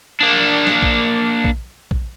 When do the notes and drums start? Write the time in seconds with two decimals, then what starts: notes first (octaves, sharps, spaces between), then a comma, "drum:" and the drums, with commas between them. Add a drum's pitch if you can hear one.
0.20 A#3 D4
0.67 drum: snare
0.82 drum: kick
1.44 drum: kick
1.91 drum: kick